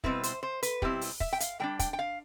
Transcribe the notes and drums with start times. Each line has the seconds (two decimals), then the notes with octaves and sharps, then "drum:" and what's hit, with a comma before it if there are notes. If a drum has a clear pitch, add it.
0.04 B2 G3 C4 E4 B4, drum: kick
0.23 C5, drum: hi-hat
0.43 C5
0.63 B4, drum: hi-hat
0.82 B2 G3 C4 E4 G4, drum: kick
1.01 drum: open hi-hat
1.20 E5, drum: kick
1.33 G5
1.40 F5, drum: hi-hat
1.60 A2 G3 D4 G5
1.79 G5, drum: kick, hi-hat
1.93 G5
1.99 F5